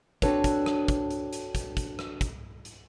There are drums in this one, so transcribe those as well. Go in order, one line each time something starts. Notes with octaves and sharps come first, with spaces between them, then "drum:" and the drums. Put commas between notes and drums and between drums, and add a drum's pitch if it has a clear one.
C4 D4 F#4 A4 B4 C#5, drum: kick, hi-hat
drum: kick, hi-hat
drum: rim click
drum: kick, hi-hat
drum: hi-hat
drum: hi-hat
drum: kick, hi-hat
drum: kick, hi-hat
drum: rim click
drum: kick, hi-hat
drum: hi-hat